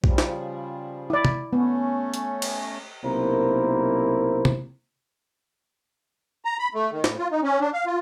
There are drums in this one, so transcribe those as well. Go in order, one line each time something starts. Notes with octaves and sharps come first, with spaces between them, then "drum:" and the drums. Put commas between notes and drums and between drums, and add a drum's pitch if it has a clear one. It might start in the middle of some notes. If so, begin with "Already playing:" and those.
C#3 F3 G3, drum: kick B1
drum: snare
E4 D5
drum: tom C3
A3 B3 C#4
drum: hi-hat
drum: cymbal
B1 C3 A#3 E4 A#4 C5
drum: tom C3
A#5
B5
A3
D#3
A2, drum: snare
F4
D#4
C#4
D4
F5
F4